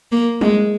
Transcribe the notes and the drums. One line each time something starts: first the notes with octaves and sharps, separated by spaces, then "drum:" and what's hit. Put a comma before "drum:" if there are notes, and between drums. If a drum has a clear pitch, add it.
A#3
G#3, drum: tom